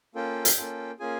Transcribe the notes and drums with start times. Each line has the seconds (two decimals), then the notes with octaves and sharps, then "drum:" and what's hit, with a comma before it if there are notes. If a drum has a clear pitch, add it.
0.15 A#3 C#4 F4 A4 G5
0.45 drum: hi-hat
0.57 A#3 C#4 F4 A4
0.99 A#3 C#4 F4 G#4 G#5